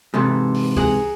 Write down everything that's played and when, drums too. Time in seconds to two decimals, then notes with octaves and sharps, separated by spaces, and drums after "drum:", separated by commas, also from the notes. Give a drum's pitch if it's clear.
0.14 G#2 C3 E3 A4
0.54 drum: open hi-hat
0.76 G#4 F#5 A#5, drum: kick C#2